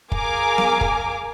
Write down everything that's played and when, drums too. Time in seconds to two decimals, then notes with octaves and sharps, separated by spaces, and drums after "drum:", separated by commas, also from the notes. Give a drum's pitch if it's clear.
0.12 G#4 A#4 F5 G#5 A#5 D6, drum: kick
0.58 drum: snare B3
0.81 drum: kick